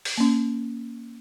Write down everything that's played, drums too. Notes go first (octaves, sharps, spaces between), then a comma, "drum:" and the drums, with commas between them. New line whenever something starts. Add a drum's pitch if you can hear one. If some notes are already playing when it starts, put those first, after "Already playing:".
drum: open hi-hat
A#3 C#4